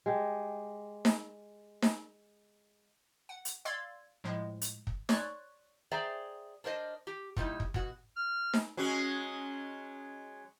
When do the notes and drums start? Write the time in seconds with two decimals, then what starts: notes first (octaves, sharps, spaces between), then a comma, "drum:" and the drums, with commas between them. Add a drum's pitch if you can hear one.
0.06 G#3 G4
1.05 drum: snare D#4
1.82 drum: snare D#4
3.29 F#5
3.45 drum: hi-hat
3.65 D5 F5 C6 E6 G#6 A6
4.24 A2 F3 G#3
4.61 drum: hi-hat
4.87 drum: kick
5.09 C#5 D5 C6 C#6 F#6, drum: snare D#4
5.91 G#4 C5 D5 E5 G5 A#5
6.64 D4 A#4 C5 D#5
7.07 G4
7.37 A#2 G3 D#4 E4, drum: kick
7.60 drum: kick
7.74 B2 F#4, drum: kick
8.16 F6
8.53 drum: snare D#4
8.77 F#3 G#3 C#4